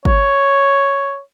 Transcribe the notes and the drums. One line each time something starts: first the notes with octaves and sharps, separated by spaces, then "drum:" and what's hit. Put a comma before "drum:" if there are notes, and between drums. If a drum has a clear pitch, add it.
C#5, drum: kick